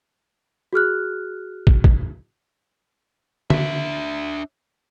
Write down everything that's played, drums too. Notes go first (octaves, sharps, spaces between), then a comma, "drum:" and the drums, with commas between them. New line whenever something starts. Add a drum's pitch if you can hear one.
F#4 G#4 F6 F#6
drum: kick
drum: kick
D4 E5, drum: tom D3